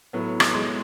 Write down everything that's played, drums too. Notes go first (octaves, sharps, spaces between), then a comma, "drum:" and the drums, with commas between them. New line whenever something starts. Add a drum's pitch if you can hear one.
A2 F#3 B3
drum: rim click
G#3